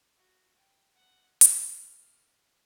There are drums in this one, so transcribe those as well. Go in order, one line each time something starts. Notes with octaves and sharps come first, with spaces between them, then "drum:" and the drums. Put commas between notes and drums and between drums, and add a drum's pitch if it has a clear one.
F#4
G5
F#5
F6, drum: hi-hat